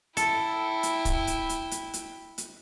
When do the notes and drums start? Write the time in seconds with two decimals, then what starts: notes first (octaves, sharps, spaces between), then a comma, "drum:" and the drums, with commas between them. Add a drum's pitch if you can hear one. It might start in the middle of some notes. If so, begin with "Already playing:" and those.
0.17 E4 A4 G5, drum: hi-hat
0.83 drum: hi-hat
1.05 drum: kick, hi-hat
1.27 drum: hi-hat
1.49 drum: hi-hat
1.71 drum: hi-hat
1.94 drum: hi-hat
2.38 drum: hi-hat